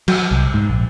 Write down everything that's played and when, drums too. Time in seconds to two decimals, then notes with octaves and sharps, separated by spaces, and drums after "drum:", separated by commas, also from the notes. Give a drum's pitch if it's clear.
0.08 F#3, drum: cymbal
0.31 C2
0.54 G#2
0.69 A#1